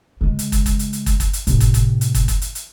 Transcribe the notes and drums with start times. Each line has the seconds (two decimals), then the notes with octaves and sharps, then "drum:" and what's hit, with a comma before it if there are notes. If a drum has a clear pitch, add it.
0.21 C#3 G#3
0.39 drum: hi-hat
0.52 drum: kick, hi-hat
0.66 drum: kick, hi-hat
0.79 drum: hi-hat
0.93 drum: hi-hat
1.06 drum: kick, hi-hat
1.20 drum: kick, hi-hat
1.33 drum: hi-hat
1.47 A2 C3, drum: hi-hat
1.60 drum: kick, hi-hat
1.74 drum: kick, hi-hat
2.01 drum: hi-hat
2.15 drum: kick, hi-hat
2.28 drum: kick, hi-hat
2.42 drum: hi-hat
2.55 drum: hi-hat